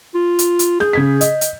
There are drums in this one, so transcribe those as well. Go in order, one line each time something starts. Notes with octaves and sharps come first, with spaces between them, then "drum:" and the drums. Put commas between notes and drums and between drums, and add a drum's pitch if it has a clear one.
F4
drum: hi-hat
drum: hi-hat
G#4 G6, drum: snare
C#3 G#6 B6
D#5, drum: hi-hat
drum: hi-hat